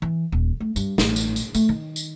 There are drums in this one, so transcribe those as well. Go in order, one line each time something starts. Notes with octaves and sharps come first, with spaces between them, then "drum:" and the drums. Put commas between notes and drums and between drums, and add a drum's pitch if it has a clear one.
E3
D#1
A3
G2, drum: tambourine
A1, drum: snare
drum: tambourine
drum: tambourine
A3, drum: tambourine
D#3
drum: tambourine